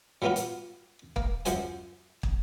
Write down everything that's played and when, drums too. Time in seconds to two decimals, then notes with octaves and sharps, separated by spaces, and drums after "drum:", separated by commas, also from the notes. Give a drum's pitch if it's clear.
0.22 F#3 G3 A#3 B3 F4 F#4
0.36 drum: hi-hat
1.16 A#3, drum: kick
1.45 F#2 F3 F#4 C5 G#5, drum: hi-hat
2.23 drum: kick